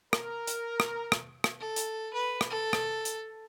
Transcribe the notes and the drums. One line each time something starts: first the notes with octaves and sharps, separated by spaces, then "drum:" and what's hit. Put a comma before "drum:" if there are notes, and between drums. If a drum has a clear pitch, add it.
A#4, drum: rim click
drum: hi-hat
drum: rim click
drum: rim click
drum: rim click
A4
drum: hi-hat
B4
drum: rim click
A4
drum: rim click
drum: hi-hat